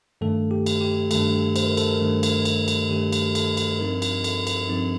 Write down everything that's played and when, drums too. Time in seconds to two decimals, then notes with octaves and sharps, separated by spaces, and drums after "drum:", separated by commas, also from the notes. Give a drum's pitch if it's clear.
0.21 G2 D#3 A3 A4
0.51 G4
0.66 drum: cymbal
0.81 G4
1.11 G2 D#3 A3 A4, drum: cymbal
1.56 C5, drum: cymbal
1.66 A#4
1.77 A4, drum: cymbal
1.89 A#4
2.01 G2 D#3 A3
2.23 drum: cymbal
2.45 drum: cymbal
2.68 drum: cymbal
2.90 G2 D#3 A3 G4
3.12 drum: cymbal
3.35 A4, drum: cymbal
3.57 drum: cymbal
3.79 G2 F3 C4 D#4 A#4
4.02 drum: cymbal
4.24 A4, drum: cymbal
4.47 drum: cymbal
4.69 G2 F3 C4 D#4